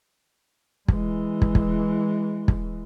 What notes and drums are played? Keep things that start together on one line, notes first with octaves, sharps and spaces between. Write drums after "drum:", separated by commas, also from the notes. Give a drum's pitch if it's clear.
E3 G#3, drum: kick
drum: kick
drum: kick
drum: kick